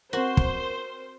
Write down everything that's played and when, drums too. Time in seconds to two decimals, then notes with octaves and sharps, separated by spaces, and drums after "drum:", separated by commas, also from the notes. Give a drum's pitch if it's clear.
0.13 C4 F#4 A#4 C5
0.37 drum: kick